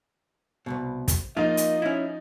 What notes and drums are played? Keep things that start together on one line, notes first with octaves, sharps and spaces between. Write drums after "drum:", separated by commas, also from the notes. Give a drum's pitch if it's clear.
C2 F2 B2
drum: kick, hi-hat
F3 A#3 D#4 F4 D#5
drum: hi-hat
C#4 E4